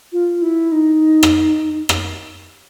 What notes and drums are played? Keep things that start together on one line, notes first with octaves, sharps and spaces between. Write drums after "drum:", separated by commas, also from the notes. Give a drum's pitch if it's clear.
F4
E4
D#4
drum: rim click
drum: rim click